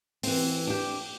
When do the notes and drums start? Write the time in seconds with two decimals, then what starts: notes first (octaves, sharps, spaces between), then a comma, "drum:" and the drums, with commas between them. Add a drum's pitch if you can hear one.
0.23 E3 C4, drum: open hi-hat
0.67 D4 G4